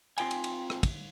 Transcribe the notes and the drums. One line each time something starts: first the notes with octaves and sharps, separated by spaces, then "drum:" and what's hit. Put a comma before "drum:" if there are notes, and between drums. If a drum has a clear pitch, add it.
C4 F4 G5 G#5, drum: cymbal
drum: cymbal
drum: cymbal
drum: rim click
drum: kick, cymbal